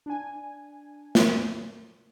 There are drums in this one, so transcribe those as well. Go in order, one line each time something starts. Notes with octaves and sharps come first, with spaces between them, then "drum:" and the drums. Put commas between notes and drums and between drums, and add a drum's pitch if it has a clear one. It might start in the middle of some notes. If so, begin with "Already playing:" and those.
D4 G#5
drum: snare